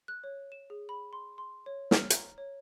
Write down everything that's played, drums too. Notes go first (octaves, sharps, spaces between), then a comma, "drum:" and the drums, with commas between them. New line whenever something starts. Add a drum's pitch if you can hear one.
F#6
C#5
E7
G#4
B5
C6
C6
C#5
F6, drum: snare
A#5, drum: hi-hat
C#5